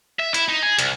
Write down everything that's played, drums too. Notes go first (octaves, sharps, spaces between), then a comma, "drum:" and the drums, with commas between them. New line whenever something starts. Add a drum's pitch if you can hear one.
E5
E4, drum: hi-hat
D#4
G#4
C2, drum: hi-hat